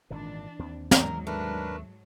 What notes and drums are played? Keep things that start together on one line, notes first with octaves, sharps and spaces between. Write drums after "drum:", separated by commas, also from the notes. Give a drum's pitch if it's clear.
G#1 A#2 D#3 E3 D4
D#2 C4
G#2 F#3 A#4, drum: snare
A3 D4 A#4 B4